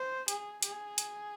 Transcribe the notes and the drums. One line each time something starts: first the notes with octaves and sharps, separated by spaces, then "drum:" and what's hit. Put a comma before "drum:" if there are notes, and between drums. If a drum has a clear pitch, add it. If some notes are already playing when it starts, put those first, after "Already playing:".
Already playing: C5
G#4, drum: hi-hat
G#4, drum: hi-hat
drum: hi-hat